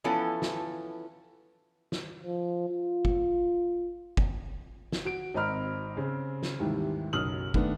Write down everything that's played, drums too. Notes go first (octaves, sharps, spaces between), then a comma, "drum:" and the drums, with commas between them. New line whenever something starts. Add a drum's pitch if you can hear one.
E3 F3 B3 C#4 E4 A4
drum: snare
drum: snare
F3
F4
drum: kick
drum: kick
drum: snare
F#4 D7
G#1 C4 D#5 A#5 B5 F6
C#3 C4 G#4
drum: snare
D#2 G#2 C3 D#3 E3 G3
F#1 B1 F#3 D#6 F6 F#7
D#3 A3 B3 D4, drum: kick